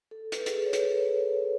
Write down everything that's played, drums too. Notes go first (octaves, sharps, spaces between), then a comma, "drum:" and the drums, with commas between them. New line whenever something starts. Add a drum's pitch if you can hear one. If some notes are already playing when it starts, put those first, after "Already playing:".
A4
B4, drum: hi-hat
G#4, drum: hi-hat
A4
C#5
B4, drum: hi-hat
A4